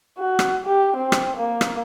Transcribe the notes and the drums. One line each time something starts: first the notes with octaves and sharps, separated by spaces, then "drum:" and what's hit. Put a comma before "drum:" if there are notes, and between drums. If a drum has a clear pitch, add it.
F#4
drum: rim click
G4
C4
drum: rim click
A#3
drum: rim click